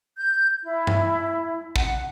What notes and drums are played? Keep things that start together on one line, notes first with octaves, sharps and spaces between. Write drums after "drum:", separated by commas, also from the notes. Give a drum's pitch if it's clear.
G6
E4
drum: tom G2
F#5, drum: kick